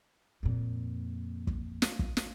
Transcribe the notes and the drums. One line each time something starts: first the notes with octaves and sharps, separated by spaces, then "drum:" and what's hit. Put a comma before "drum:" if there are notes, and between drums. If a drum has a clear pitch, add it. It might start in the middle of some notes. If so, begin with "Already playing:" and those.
F2 A#2
drum: kick
drum: snare
drum: kick
drum: snare